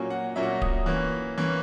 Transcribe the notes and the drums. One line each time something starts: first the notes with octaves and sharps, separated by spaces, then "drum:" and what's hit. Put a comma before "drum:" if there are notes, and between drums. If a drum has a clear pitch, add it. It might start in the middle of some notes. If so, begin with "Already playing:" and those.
Already playing: A#2 F#3 A#3 C#4 G#5
F#5
A#2 F#3 A#3 C#4 E5
F#5
E5
D#6, drum: kick D1
E3 A#3 C#4
E3 A#3 C#4